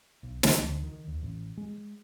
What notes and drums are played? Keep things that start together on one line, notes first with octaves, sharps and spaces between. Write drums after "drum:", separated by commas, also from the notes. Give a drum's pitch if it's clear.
B1
C2, drum: snare
D2
D#3
D#2
A1
G#3